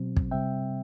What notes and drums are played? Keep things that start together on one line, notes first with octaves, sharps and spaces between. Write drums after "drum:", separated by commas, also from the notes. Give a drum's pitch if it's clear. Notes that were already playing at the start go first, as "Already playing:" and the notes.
Already playing: B2 F#3 C4
drum: kick
C3 G3 C4 E5 G5